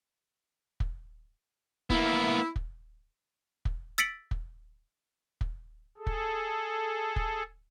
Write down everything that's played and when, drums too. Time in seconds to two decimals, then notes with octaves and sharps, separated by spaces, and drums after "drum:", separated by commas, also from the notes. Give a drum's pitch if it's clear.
0.80 drum: kick
1.90 A#3 B3 E4, drum: kick
2.56 drum: kick
3.65 drum: kick
3.98 E6 A6 B6 C#7 D7 F#7
4.31 drum: kick
5.41 drum: kick
5.97 G#4 A4
6.07 drum: kick
7.16 drum: kick